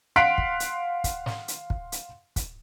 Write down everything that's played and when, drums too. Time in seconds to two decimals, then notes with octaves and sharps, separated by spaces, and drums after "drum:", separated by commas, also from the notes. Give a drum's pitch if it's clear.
0.16 F5 F#5 C6 F#6 B6 D7
0.38 drum: kick
0.60 drum: hi-hat
1.04 drum: kick, hi-hat
1.26 drum: snare
1.48 drum: hi-hat
1.70 drum: kick
1.92 drum: hi-hat
2.36 drum: kick, hi-hat